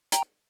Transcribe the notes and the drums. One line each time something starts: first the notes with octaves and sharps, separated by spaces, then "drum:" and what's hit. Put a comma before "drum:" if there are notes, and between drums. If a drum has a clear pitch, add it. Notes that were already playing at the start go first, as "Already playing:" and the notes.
G5 A#5, drum: hi-hat